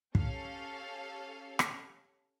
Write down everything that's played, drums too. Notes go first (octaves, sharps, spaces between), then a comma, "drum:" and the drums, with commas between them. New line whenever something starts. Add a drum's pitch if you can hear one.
C#4 G4 A4 F5, drum: kick
drum: rim click